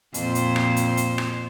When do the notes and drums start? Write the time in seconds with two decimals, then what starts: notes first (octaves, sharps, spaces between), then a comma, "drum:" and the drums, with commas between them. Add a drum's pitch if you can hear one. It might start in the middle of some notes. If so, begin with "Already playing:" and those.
0.14 F2 A#2 C5, drum: hi-hat
0.35 drum: hi-hat
0.56 drum: rim click
0.76 drum: hi-hat
0.97 drum: hi-hat
1.18 drum: rim click